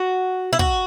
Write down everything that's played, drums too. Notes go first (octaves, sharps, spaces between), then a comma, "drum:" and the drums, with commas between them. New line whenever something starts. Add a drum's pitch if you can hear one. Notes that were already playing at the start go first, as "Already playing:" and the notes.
Already playing: F#4
E4
F#4, drum: kick